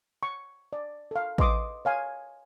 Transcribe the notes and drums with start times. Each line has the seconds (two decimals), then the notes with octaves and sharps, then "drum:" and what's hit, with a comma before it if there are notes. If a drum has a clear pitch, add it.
0.23 C#6
0.73 D5
1.11 A4 F5
1.38 B4 D#5 C6 D6 D#6, drum: kick A1
1.85 C#5 F5 G#5